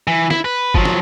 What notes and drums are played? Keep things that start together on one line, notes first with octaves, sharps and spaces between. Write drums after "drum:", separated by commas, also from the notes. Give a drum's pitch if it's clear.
E3
E4, drum: snare
B4
F3 F#3, drum: kick G1
drum: snare